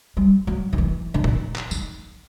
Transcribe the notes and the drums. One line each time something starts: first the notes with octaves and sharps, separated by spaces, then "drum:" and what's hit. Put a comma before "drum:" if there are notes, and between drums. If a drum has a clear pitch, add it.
G3
F#3
D#3
E3
D3
D#3, drum: tom A#2
drum: clap
D#3, drum: tambourine